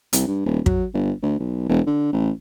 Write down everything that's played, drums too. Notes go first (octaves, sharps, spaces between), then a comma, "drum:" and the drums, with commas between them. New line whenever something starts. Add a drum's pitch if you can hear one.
C2, drum: hi-hat
G2
D#1
F#3, drum: kick
G1
D2
B1
E1
D3
A1